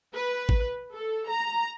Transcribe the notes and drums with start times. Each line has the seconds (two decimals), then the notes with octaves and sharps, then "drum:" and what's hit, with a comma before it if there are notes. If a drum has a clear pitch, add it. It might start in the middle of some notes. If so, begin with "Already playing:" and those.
0.14 B4
0.49 drum: kick
0.94 A4
1.29 A#5